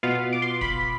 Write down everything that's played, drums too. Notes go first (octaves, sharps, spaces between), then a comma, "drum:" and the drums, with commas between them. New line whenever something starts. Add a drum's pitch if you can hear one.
B2 B3 F4 F5
D6
C6
B5, drum: kick